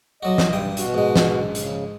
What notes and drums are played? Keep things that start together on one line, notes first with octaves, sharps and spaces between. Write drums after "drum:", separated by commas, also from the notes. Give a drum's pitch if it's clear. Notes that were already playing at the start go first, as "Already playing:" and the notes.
B1 F#3 F#4 D#5
drum: snare
G2 G5 D#6
B2 F#4, drum: hi-hat
G#2 G#3
drum: snare
C#3, drum: hi-hat